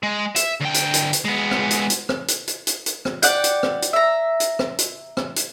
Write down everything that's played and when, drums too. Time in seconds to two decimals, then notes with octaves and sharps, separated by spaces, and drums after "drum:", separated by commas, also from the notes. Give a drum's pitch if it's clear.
0.03 G#3
0.36 E5, drum: hi-hat
0.61 D2 G5
0.74 drum: hi-hat
0.94 drum: hi-hat
1.13 drum: hi-hat
1.25 G#3 B3
1.51 drum: rim click
1.71 drum: hi-hat
1.90 drum: hi-hat
2.09 drum: rim click
2.28 drum: hi-hat
2.48 drum: hi-hat
2.67 drum: hi-hat
2.86 drum: hi-hat
3.05 drum: rim click
3.22 D5 F#5 G5, drum: hi-hat
3.44 drum: hi-hat
3.63 drum: rim click
3.82 drum: hi-hat
3.93 E5 A#5
4.40 drum: hi-hat
4.59 drum: rim click
4.78 drum: hi-hat
5.17 drum: rim click
5.36 drum: hi-hat